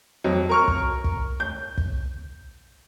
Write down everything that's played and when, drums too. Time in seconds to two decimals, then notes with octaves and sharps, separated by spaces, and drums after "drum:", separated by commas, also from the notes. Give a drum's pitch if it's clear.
0.24 F2 F#3
0.49 A#4 C#6 F6
0.68 drum: kick
1.04 drum: kick
1.40 G6
1.78 drum: kick